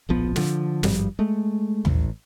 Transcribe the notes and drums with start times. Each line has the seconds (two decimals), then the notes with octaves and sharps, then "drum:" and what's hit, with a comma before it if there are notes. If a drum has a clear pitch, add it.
0.09 D1 A#1 F3 B3
0.36 D3 F3, drum: snare
0.83 G#1 G2 F3 G3, drum: snare
1.19 G#3 A3
1.85 A1, drum: tom D#2